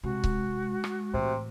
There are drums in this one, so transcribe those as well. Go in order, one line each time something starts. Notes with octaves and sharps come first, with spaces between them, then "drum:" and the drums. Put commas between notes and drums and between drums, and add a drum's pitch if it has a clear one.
C3 G#3 F#4
drum: kick C#1
drum: rim click
A2 C3 E3